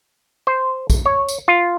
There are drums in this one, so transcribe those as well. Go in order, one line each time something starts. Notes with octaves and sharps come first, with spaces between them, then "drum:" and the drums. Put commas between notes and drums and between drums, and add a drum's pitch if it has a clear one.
C5
drum: kick A#1, tambourine
C#5
drum: tambourine
F4